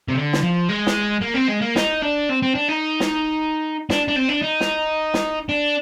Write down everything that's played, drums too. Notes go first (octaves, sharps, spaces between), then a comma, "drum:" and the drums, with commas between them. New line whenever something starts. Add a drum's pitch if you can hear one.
C3
D3
drum: snare
F3
G#3
drum: snare
A#3
C4
G#3
A#3
D#4, drum: snare
D4
C4
C4
D4
D#4
drum: snare
D4, drum: snare
D4
C4
D4
D#4
drum: snare
drum: snare
D4